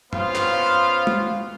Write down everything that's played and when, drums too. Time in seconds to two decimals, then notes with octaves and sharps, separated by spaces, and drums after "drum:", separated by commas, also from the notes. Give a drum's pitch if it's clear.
0.13 B3 C#4 F4 C5 F5, drum: tom F#2
0.35 drum: clap
1.07 drum: tom